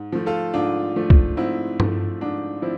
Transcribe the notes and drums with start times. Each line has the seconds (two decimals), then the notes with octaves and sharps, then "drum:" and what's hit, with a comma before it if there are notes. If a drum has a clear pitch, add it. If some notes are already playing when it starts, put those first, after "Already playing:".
Already playing: G#2
0.12 F3 A3
0.26 F4 A4
0.54 G#2 D4 F4
0.96 F3 A3
1.10 drum: kick
1.37 G#2 C4 E4
1.80 F3 A3, drum: tom G2
2.21 G#2 D4
2.62 F3 C4 E4